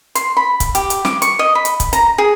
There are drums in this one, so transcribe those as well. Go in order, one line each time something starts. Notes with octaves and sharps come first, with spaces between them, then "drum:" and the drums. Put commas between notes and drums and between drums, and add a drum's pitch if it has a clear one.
C6, drum: hi-hat
B5
drum: kick, hi-hat
G4, drum: hi-hat
drum: hi-hat
D6, drum: snare
C#6, drum: hi-hat
D#5
B5
drum: hi-hat
drum: kick, hi-hat
A#5, drum: hi-hat
G#4